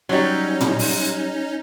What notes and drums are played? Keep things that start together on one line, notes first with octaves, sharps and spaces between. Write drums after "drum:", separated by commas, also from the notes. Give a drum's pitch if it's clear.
F#3 G3 C#4 D#4
drum: tom
drum: open hi-hat